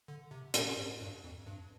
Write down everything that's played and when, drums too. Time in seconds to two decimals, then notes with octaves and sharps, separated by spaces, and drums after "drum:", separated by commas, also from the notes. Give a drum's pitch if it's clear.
0.08 D3
0.31 C3
0.54 A#2, drum: hi-hat
0.77 G#2
1.01 G2
1.24 F2
1.46 G2